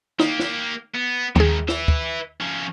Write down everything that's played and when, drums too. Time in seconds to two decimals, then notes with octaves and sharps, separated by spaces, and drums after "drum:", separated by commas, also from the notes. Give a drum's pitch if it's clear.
0.20 A#3 D#4 G4, drum: snare
0.39 drum: snare
0.94 B3
1.36 D#2 G#2 D#3 G#4, drum: tom D#3
1.68 B4 E5, drum: snare
1.88 drum: kick D2
2.41 F3 C#4